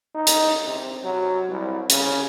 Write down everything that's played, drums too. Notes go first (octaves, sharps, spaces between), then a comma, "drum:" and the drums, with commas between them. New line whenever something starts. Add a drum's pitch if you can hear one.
D#4
drum: hi-hat
C3
F#3
C2
C#3, drum: hi-hat